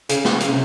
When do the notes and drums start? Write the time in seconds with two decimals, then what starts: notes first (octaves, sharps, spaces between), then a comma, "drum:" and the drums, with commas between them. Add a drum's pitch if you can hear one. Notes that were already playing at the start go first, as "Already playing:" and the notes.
0.09 C#3, drum: hi-hat
0.25 drum: snare
0.40 C#3, drum: hi-hat
0.48 C3